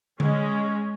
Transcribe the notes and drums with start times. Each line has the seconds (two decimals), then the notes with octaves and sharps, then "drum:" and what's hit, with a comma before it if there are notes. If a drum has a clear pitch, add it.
0.20 G#3 C#4, drum: tom D3